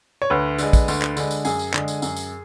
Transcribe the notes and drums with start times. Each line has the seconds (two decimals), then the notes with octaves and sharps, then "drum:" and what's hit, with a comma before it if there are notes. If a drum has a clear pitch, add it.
0.22 C#5
0.30 D2 B4
0.58 D3 G#3, drum: tambourine
0.73 drum: kick, tambourine
0.88 D2, drum: tambourine
1.02 drum: clap
1.17 D3 G#3, drum: tambourine
1.31 drum: tambourine
1.45 F#2 G#4, drum: tambourine
1.59 drum: tambourine
1.74 D3 G#3, drum: clap
1.88 drum: tambourine
2.02 F#2, drum: tambourine
2.16 drum: tambourine